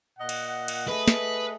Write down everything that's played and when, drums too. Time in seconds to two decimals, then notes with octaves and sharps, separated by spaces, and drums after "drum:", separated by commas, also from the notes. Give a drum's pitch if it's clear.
0.18 A#2 D#5 F#5
0.29 drum: cymbal
0.68 drum: cymbal
0.88 A3 G#4 B4 D#5
1.08 drum: snare